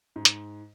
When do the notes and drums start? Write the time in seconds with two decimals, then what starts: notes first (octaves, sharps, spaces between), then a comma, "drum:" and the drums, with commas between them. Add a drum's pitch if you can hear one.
0.16 G#2
0.25 drum: hi-hat